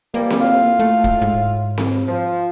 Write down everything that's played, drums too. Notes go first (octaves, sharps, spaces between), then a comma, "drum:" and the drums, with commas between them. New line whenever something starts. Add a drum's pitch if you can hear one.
E3 F3 G3 A#3
drum: snare C4
A2 F4 F5
A3
drum: kick
G#2
drum: snare C4
F3